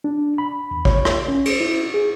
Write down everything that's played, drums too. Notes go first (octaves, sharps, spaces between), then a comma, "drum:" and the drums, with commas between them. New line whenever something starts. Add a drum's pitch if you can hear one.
D4
B5
E2
C#5, drum: kick
drum: rim click
C#4
drum: cymbal
E4
G#4